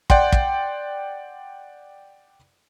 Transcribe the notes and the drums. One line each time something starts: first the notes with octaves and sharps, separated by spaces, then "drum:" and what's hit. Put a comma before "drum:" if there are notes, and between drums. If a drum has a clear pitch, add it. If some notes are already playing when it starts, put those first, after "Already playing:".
D5 F#5 G5 C6, drum: kick
drum: kick